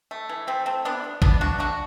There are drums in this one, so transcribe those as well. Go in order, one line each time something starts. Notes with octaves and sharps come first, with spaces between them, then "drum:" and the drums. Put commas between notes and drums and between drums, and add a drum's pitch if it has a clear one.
A3
E3
A3 C4
A3 C4
E3 B3 D4
B2
B2 B3 D4, drum: kick A1
B2 D4 F#4
A3 D4 F#4